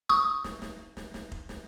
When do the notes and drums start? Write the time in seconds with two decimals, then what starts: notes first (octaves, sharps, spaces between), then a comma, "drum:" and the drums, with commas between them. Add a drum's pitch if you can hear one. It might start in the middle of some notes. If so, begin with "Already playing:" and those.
0.09 C#6 D#6, drum: snare
0.44 drum: snare
0.62 drum: snare
0.97 drum: snare
1.14 drum: snare
1.32 drum: kick F1
1.49 drum: snare